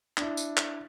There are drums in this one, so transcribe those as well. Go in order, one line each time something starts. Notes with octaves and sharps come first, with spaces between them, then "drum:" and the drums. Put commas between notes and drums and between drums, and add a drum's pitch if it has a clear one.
D4 E4, drum: clap
drum: tambourine
drum: clap